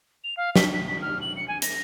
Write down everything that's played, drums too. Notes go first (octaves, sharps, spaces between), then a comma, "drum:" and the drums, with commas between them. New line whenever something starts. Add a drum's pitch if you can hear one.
F7
F5
B6, drum: snare
B6
B6
F6
F#7
C#7
G#5
A#6, drum: hi-hat